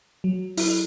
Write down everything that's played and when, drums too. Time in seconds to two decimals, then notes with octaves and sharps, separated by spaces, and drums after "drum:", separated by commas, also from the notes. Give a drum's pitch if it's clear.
0.24 F#3
0.57 E4, drum: open hi-hat